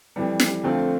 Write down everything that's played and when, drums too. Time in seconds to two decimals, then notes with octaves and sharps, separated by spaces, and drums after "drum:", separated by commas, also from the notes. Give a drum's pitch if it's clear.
0.16 F2 E3 G3
0.40 drum: snare
0.64 F2 D3 A3 C4 F4